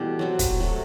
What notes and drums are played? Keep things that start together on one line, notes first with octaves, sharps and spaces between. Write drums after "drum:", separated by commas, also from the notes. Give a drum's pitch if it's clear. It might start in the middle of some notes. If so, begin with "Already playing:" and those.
Already playing: B2 E3 G3 A3 G4
F#3 C4 F#4
drum: kick, hi-hat
C3 F#3 A3